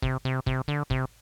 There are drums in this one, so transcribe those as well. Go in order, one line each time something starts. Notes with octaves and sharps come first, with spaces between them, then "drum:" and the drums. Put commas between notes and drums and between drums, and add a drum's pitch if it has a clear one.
C3, drum: kick
C3
C3, drum: kick
D3
C3, drum: kick